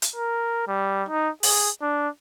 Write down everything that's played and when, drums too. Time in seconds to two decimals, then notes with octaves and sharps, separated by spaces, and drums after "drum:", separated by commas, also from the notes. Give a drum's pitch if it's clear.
0.02 drum: hi-hat
0.16 A#4
0.68 G3
1.09 D#4
1.43 G#4, drum: open hi-hat
1.82 D4